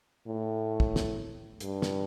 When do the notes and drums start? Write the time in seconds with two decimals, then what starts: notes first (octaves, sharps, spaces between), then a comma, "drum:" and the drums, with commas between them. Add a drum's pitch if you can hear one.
0.27 A2
0.80 drum: kick
0.96 drum: snare
1.60 G2, drum: hi-hat
1.82 drum: snare